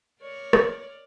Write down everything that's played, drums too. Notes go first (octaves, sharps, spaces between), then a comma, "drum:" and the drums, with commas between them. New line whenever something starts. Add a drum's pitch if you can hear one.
A#4 C#5 D5
drum: rim click